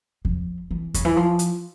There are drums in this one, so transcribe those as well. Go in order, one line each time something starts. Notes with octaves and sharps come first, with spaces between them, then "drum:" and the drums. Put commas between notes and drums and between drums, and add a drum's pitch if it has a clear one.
F3, drum: kick E2
E3
C#3, drum: kick E2, hi-hat
E3
F3
drum: hi-hat